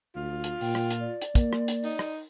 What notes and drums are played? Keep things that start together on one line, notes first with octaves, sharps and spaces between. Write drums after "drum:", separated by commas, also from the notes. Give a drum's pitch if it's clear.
D2 F4
drum: hi-hat
A#2 G5, drum: open hi-hat
drum: rim click
drum: hi-hat
D5
drum: hi-hat
A#3, drum: kick, hi-hat
drum: rim click
drum: hi-hat
D#4, drum: open hi-hat
drum: rim click